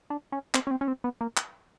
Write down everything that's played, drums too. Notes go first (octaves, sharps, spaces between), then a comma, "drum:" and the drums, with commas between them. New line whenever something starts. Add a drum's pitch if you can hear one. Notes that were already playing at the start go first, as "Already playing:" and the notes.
D4
C#4
C4, drum: clap
C#4
C4
C#4
C4
B3
A#3
drum: clap